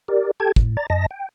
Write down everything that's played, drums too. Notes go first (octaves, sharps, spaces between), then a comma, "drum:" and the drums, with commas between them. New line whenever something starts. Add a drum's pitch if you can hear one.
G4 A#4 D5
G4 A4 G5 A5 G#6
A2, drum: kick
D5 A#5 A6
F#2 D#5 A5 A#6
G5